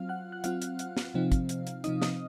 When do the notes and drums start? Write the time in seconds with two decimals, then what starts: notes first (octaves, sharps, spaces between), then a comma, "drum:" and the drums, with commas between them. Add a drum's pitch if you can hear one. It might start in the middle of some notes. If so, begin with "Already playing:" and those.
Already playing: F#3 C4 F4 F5 F6
0.09 F#5 F#6
0.32 F#6
0.44 F#3 C4 F4 F5 F6, drum: hi-hat
0.62 drum: hi-hat
0.79 drum: hi-hat
0.97 drum: snare
1.14 C3 F3 C4 D#4
1.32 drum: kick, hi-hat
1.49 drum: hi-hat
1.67 drum: hi-hat
1.84 C3 F3 C4 D#4 D#5 D#6, drum: hi-hat
2.02 D#5 D#6, drum: snare